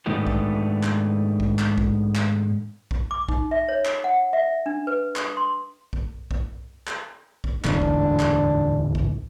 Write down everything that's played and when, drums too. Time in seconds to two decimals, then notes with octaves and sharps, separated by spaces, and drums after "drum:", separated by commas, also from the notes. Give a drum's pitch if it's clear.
0.06 G#2 D#3 A3 B3 D4 G4
0.27 drum: kick A#1
0.83 drum: clap
1.40 drum: kick A#1
1.59 drum: clap
1.78 drum: kick A#1
2.15 drum: clap
2.91 drum: kick A#1
3.11 D6
3.29 D#4, drum: kick A#1
3.51 E5
3.68 C#5
3.85 drum: clap
4.04 F#5
4.33 E5
4.66 D4
4.87 B4
5.16 D#6, drum: clap
5.37 C6
5.93 drum: kick A#1
6.31 drum: kick A#1
6.87 drum: clap
7.44 drum: kick A#1
7.64 D1 E2 G#2 D4, drum: clap
7.82 drum: kick A#1
8.19 drum: clap
8.95 drum: kick A#1